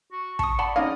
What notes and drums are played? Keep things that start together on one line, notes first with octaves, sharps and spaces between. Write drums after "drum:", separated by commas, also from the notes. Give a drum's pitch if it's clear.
F#4
A5 C#6 D#6, drum: kick
D5 F#5 A5 B5
C#4 D#4 D5 D#5 F5